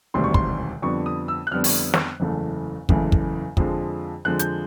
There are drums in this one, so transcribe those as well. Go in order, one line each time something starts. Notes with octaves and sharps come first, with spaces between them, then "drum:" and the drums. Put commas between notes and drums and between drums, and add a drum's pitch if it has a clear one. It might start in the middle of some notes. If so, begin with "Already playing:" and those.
E1 D2 C3 D#3 G3 C6
C#6
C6, drum: kick
F2 D3 G3 B3 C#6
D#6
E6
F#6
F2 D3 G3 B3 F6
drum: open hi-hat
drum: snare
F#1 E2 C#3 E3 A3
F#1 E2 C#3 E3 A3, drum: kick
drum: kick
F2 D3 F3 G#3, drum: kick
F2 D3 F3 G#3 F#6
G6, drum: hi-hat